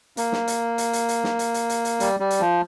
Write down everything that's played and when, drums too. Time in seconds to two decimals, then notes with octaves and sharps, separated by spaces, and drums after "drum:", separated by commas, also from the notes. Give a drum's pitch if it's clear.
0.17 A#3, drum: hi-hat
0.32 drum: snare
0.48 drum: hi-hat
0.78 drum: hi-hat
0.93 drum: hi-hat
1.09 drum: hi-hat
1.24 drum: snare
1.39 drum: hi-hat
1.54 drum: hi-hat
1.70 drum: hi-hat
1.85 drum: hi-hat
2.00 G3, drum: hi-hat
2.20 G3
2.31 drum: hi-hat
2.40 F3